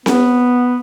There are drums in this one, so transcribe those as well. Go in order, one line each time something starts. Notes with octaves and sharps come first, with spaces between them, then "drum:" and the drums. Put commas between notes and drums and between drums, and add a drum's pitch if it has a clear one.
B3, drum: snare C4